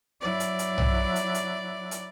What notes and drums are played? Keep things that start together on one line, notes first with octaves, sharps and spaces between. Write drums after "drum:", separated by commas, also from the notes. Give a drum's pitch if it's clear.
F#3 E4 D5
drum: hi-hat
drum: hi-hat
drum: tom
drum: hi-hat
drum: hi-hat
drum: hi-hat